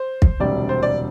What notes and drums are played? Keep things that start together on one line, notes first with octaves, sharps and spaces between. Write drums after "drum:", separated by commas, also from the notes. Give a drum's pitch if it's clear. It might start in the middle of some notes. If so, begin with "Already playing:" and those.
Already playing: C5
drum: kick
E1 D2 C3 G3 D5
C5
D5